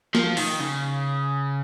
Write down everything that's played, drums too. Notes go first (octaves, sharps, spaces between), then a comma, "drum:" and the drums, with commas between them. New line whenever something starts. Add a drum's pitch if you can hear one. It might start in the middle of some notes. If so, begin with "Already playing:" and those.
F3, drum: snare
D#3, drum: open hi-hat
C#3